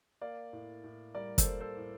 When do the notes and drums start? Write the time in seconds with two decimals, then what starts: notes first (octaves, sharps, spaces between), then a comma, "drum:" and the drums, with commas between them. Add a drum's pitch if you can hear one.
0.21 A#3 D5 F5
0.53 A2
0.84 A2
1.14 G3 A#4 D5
1.38 A4 C5, drum: kick, hi-hat
1.45 A#3
1.61 A4 C5
1.77 A2